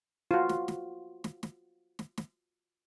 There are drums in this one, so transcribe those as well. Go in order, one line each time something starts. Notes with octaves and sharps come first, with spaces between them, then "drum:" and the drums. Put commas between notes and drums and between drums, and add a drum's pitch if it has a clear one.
F4 F#4
drum: snare
drum: snare
drum: snare
drum: snare
drum: snare
drum: snare